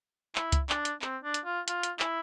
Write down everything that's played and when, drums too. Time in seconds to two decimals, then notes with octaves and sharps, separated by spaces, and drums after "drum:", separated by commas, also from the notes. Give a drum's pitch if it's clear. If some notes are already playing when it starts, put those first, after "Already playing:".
0.35 E4, drum: clap
0.52 drum: kick C#2, hi-hat
0.69 D4, drum: clap
0.85 drum: hi-hat
1.02 C4, drum: clap
1.24 D4
1.34 drum: hi-hat
1.45 F4
1.68 F4, drum: hi-hat
1.83 drum: hi-hat
1.99 E4, drum: clap